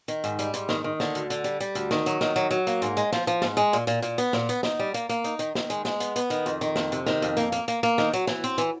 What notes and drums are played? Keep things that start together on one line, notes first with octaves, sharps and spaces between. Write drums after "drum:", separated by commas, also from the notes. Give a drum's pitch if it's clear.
D#3, drum: hi-hat
G#2, drum: hi-hat
G3, drum: hi-hat
G#2, drum: hi-hat
D#3, drum: snare
D#3
D3, drum: snare
D2, drum: hi-hat
D3, drum: hi-hat
G3, drum: hi-hat
G3, drum: hi-hat
D2, drum: hi-hat
D#3, drum: snare
F#3, drum: hi-hat
D#3, drum: snare
F#3, drum: hi-hat
F#3, drum: hi-hat
A#3, drum: hi-hat
G#2, drum: hi-hat
G#3, drum: hi-hat
F3, drum: snare
F3, drum: hi-hat
G#2, drum: snare
G#3, drum: hi-hat
A#2, drum: hi-hat
A#2, drum: hi-hat
A#2, drum: hi-hat
B3, drum: hi-hat
A#2, drum: snare
B3, drum: hi-hat
D#4, drum: snare
G3
A#3, drum: hi-hat
A#3, drum: hi-hat
D#4, drum: hi-hat
D#3, drum: hi-hat
D#3, drum: snare
G#3, drum: hi-hat
G#3, drum: snare
B3, drum: hi-hat
B3, drum: hi-hat
D#3, drum: hi-hat
F2, drum: hi-hat
D#3, drum: hi-hat
F2, drum: snare
C3, drum: hi-hat
D#3, drum: snare
F2, drum: hi-hat
A#3, drum: hi-hat
A#3, drum: hi-hat
A#3, drum: hi-hat
A#3, drum: hi-hat
D#3, drum: snare
F#3, drum: hi-hat
E3, drum: snare
C4, drum: hi-hat
E3, drum: hi-hat